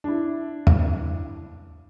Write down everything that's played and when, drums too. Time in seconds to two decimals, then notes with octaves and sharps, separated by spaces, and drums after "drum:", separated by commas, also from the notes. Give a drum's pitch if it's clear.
0.04 D4 E4
0.67 drum: tom